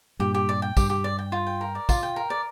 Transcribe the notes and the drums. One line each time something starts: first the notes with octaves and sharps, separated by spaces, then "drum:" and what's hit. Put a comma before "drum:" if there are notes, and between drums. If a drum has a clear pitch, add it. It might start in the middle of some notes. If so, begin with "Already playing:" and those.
G2 A#2 G4
G4
D5
G5
G2 G4, drum: kick, tambourine
G4
D5
G5
F4
G5
A#4
D5
F4, drum: kick, tambourine
G5
A#4
D5